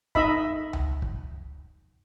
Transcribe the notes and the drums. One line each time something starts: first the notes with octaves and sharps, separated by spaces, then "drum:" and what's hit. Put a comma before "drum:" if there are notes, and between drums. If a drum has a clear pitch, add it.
D#4 D#5 E5 B5, drum: kick
drum: tom C#2
drum: kick